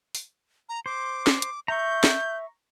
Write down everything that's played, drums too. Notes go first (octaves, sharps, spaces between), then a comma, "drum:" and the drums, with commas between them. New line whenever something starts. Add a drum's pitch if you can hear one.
drum: open hi-hat
A#5
C5 D6
drum: snare
drum: hi-hat
E5 A#5 C#6 G6
drum: snare